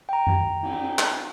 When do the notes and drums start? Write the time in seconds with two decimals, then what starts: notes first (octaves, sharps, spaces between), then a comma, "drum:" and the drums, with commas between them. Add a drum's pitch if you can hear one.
0.09 G5 A#5
0.27 drum: tom F#2
0.63 drum: cymbal
0.99 drum: clap